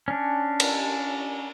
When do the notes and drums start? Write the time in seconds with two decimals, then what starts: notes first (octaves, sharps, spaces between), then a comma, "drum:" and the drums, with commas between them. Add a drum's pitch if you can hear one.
0.08 C#4 D4
0.60 drum: cymbal